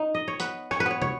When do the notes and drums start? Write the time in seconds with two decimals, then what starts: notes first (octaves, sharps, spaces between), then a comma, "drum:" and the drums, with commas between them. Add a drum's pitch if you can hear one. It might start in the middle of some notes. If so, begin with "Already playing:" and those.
Already playing: D#4
0.15 D#5
0.28 C#5
0.40 B3 B4, drum: hi-hat
0.71 C#5, drum: rim click
0.80 B4
0.86 B3 C#5
1.02 C#5, drum: tom